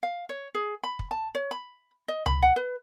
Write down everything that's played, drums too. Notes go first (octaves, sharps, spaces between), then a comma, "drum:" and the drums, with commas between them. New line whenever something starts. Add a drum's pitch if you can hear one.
F5
C#5
G#4
B5
drum: kick
A5
C#5
B5
D#5
B5, drum: tom C#2
F#5
B4